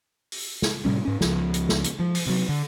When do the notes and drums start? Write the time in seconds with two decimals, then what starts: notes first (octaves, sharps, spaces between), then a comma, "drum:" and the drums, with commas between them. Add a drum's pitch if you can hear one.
0.32 drum: open hi-hat
0.62 drum: snare
0.85 A2 C3 G3 C#4
1.05 G#2 C#4
1.21 C#2 F3, drum: snare
1.54 drum: hi-hat
1.69 drum: snare
1.84 drum: hi-hat
1.99 F3
2.15 drum: open hi-hat
2.27 C3 F#3
2.49 D3